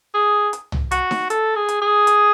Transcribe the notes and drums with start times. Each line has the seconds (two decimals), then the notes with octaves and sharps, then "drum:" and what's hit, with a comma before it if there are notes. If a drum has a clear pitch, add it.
0.14 G#4
0.53 drum: hi-hat
0.72 drum: tom
0.91 F#4, drum: hi-hat
1.11 drum: snare D#4
1.30 A4, drum: hi-hat
1.56 G#4
1.69 drum: hi-hat
1.82 G#4
2.07 drum: hi-hat